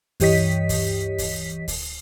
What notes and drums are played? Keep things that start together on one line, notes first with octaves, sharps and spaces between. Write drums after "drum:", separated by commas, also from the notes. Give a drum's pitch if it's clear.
G2 E3 G4 C#5 D#5 B6, drum: kick D2, open hi-hat
drum: kick D2, open hi-hat
drum: kick D2, open hi-hat
drum: kick D2, open hi-hat